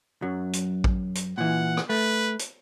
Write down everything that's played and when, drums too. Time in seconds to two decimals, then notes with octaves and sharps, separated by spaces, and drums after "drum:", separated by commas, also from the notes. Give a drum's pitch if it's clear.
0.22 F#2 F#3
0.53 drum: hi-hat
0.84 drum: kick A1
1.15 drum: hi-hat
1.38 A#2 E3 F#5
1.77 drum: rim click
1.89 A3 B4
2.39 drum: hi-hat